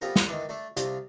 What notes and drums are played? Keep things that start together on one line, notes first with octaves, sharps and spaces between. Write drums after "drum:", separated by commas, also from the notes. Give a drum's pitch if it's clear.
G3 B3 C4 F4 A4 A#4
drum: snare
D#3 E3 D4
A3 D4 A4
C2 C3 D4 F4, drum: hi-hat